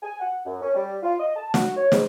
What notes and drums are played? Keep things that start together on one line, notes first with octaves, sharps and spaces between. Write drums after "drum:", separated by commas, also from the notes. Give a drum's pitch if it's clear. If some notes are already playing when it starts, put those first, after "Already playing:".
G#5
F#5
F#2
C#4
G3
F4
D#5
A5
F#4, drum: snare
C#5
G#2, drum: snare